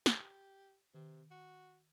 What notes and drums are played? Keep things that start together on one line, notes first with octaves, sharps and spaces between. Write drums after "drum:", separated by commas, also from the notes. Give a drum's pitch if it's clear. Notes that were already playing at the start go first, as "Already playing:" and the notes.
G4, drum: snare
C3 D#3
F#4